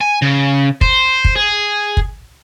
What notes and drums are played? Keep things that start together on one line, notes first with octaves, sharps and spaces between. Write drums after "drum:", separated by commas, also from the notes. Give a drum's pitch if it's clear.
G#5
C#3
C5, drum: kick
drum: kick
G#4
drum: kick